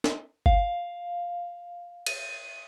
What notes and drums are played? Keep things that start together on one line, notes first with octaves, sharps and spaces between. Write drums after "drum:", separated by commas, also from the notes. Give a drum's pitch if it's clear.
drum: snare
F5, drum: kick G1
D#7, drum: cymbal